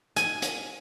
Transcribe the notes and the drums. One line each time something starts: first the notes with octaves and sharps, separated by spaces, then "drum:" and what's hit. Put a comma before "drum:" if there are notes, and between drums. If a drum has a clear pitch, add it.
G#5, drum: hi-hat
drum: hi-hat